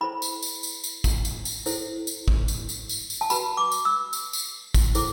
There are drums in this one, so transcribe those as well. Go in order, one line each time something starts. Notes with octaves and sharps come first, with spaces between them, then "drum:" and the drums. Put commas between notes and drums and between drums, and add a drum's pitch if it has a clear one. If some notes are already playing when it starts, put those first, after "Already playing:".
E4 A4 C5 B5
drum: tambourine
drum: tambourine
drum: tambourine
drum: tambourine
drum: kick, tambourine
drum: tambourine
drum: tambourine
E4 A4 C5, drum: tambourine
drum: tambourine
drum: kick
drum: tambourine
drum: tambourine
drum: tambourine
drum: tambourine
A5
F#4 B4 B5, drum: tambourine
D6
drum: tambourine
E6
drum: tambourine
drum: tambourine
drum: kick, tambourine
E4 A4 C5 D6, drum: tambourine